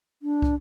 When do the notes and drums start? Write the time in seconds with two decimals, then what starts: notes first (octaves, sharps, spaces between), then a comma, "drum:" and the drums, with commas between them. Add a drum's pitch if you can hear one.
0.22 D4
0.42 drum: kick